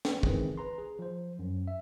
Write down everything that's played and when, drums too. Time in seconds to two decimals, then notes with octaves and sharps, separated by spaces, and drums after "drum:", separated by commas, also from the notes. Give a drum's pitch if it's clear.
0.05 drum: snare
0.23 C#2 D#3 E3 C4 G#4, drum: kick
0.58 B4 A#5 C6
0.78 G#4
0.99 F3 C5
1.39 F#2
1.68 E5